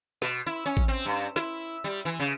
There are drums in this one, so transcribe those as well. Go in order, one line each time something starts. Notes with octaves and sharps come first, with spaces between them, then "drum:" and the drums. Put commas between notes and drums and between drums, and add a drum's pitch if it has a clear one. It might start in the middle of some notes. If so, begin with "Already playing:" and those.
B2, drum: snare
E4
C#4
drum: kick A1
C4
G2
E4, drum: snare
G3
E3
C#3